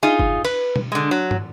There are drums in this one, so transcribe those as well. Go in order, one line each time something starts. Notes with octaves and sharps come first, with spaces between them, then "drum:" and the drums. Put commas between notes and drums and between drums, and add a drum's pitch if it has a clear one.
D#4 F4 G#4
drum: kick G1
B4, drum: cymbal
drum: tom B2
D3 G#3
F#3
drum: tom